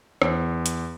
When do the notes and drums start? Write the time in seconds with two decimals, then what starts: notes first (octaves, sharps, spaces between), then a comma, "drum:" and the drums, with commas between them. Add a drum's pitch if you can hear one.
0.22 E2, drum: rim click
0.66 drum: hi-hat